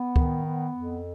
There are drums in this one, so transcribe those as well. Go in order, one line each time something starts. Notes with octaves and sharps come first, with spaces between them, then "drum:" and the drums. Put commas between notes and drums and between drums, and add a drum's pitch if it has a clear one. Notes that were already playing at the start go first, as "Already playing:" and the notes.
Already playing: B3
D#3, drum: kick
B3
F2